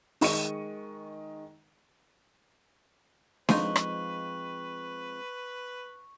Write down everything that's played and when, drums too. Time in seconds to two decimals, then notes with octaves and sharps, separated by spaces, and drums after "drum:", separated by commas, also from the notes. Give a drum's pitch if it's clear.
0.21 D#3 G#3 C#6 D#7, drum: open hi-hat
3.49 F3 G#3 C4 D#4 F4 B4 C#6, drum: snare D4
3.76 drum: rim click